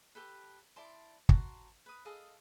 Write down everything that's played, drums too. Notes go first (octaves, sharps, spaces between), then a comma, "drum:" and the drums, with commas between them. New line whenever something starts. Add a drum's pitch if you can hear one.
G4 A4 B4
E4 D5 A5 C6
F#4 A5 A#5 C6, drum: kick
B4 D#6
G#4 A4 D#5 F5